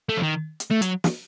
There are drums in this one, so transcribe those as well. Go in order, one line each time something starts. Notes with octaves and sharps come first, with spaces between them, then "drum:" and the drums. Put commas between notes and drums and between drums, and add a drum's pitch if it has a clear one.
A3
F3
D#3
drum: hi-hat
A3
F#3, drum: hi-hat
drum: snare